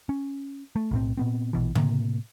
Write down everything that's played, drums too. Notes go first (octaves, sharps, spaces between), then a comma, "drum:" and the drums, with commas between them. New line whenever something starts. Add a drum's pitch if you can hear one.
C#4
A3
B1 A2 C4
A#2 B3 C4
A#1 B2 E3
A2 C3 A#3, drum: tom C#3